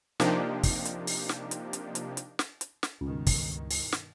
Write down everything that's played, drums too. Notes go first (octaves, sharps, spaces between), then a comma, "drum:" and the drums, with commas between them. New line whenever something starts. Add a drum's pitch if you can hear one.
C3 F3 A#3 D4 D#4 G4, drum: snare
drum: kick, open hi-hat
drum: hi-hat
drum: open hi-hat
drum: snare
drum: hi-hat
drum: hi-hat
drum: hi-hat
drum: hi-hat
drum: snare
drum: hi-hat
drum: snare
C#2 G2 B2 D#3
drum: kick, open hi-hat
drum: open hi-hat
drum: snare